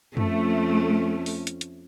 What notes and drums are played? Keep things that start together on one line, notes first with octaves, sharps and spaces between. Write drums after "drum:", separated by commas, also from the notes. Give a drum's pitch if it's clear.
F2 A3 C#4, drum: tom
drum: open hi-hat
drum: hi-hat
drum: hi-hat